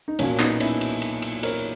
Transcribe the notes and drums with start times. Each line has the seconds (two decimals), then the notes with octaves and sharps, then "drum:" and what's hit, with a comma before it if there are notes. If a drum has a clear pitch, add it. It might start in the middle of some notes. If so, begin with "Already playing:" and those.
0.08 D#4
0.19 B1 A#2 F#3 A#3 C#4, drum: cymbal
0.39 B3 D#4, drum: clap
0.60 C#4 E4, drum: cymbal
0.81 drum: cymbal
1.02 drum: cymbal
1.22 drum: cymbal
1.43 A#4 C#5, drum: cymbal